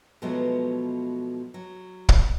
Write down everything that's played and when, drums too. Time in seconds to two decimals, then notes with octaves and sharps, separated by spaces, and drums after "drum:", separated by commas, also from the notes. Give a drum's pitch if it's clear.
0.22 B2 F3 F#3 G#3 A3 B3
1.54 F#3
2.09 drum: kick